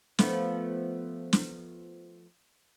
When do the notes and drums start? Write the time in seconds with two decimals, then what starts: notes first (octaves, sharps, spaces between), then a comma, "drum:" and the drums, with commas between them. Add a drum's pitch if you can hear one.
0.19 F3 A3 B3, drum: snare
1.33 drum: snare